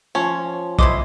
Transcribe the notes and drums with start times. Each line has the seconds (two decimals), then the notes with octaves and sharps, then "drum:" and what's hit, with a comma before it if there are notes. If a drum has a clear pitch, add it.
0.15 F3 C#4
0.79 E4 C5 D#5 D6, drum: kick